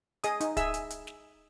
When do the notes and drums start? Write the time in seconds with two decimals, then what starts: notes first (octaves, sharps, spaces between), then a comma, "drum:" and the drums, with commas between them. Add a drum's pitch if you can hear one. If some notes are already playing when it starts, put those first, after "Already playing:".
0.24 G#4 D#5 D#6, drum: hi-hat
0.40 D#4, drum: hi-hat
0.57 G#4 E5 E6, drum: kick, hi-hat
0.74 drum: hi-hat
0.90 drum: hi-hat
1.07 drum: snare